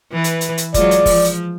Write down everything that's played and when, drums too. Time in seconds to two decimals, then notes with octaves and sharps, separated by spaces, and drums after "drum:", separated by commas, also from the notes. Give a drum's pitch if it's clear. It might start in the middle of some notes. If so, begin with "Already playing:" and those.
0.12 E3 B4
0.24 drum: hi-hat
0.41 drum: hi-hat
0.58 drum: hi-hat
0.74 F#3 G#3 F4 D5, drum: kick F1, hi-hat
0.91 drum: hi-hat
1.06 F3, drum: kick F1, open hi-hat
1.25 drum: hi-hat